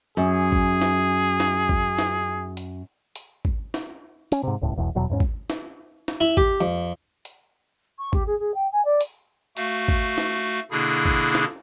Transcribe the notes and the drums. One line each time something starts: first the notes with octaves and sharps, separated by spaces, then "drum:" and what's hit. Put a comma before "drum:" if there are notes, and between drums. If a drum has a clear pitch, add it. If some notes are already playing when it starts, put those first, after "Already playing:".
F#2 G#4
drum: kick
drum: snare
drum: snare
drum: kick
drum: snare
drum: hi-hat
drum: hi-hat
drum: kick
drum: snare
C#4, drum: hi-hat
G#2 C3
D#1 C#2 A2
E1 B1 E2
D#1 E2 B2 F#3
E2 G#2 C#4
drum: kick
drum: snare
drum: snare
E4
G4, drum: kick
F2
drum: hi-hat
C#6
G4, drum: kick
G#4
G#4
G5
G#5
D5
drum: hi-hat
A3 F#4 F5, drum: hi-hat
drum: kick
drum: snare
B2 D3 A#3 D4 E4 G#4
drum: kick
drum: snare